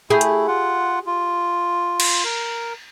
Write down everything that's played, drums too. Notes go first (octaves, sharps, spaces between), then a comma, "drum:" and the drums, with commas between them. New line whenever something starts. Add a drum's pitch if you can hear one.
A3 E4 G4 G#4
drum: hi-hat
F4 F#5
F4
drum: cymbal
A#4